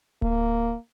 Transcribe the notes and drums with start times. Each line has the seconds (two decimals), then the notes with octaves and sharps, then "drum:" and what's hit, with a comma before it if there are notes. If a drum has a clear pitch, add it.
0.22 A#3, drum: kick D1